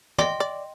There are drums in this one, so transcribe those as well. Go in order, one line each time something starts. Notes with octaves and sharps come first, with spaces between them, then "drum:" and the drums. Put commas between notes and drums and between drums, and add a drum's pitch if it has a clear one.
D5 D#5 G5 C6, drum: tom
D5